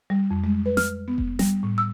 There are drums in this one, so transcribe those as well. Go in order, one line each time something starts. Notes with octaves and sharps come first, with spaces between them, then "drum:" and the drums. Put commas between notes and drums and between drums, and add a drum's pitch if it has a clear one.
G3
F2
G#3
B4
F6, drum: snare
B3
drum: kick F1
G3, drum: snare
A2
E6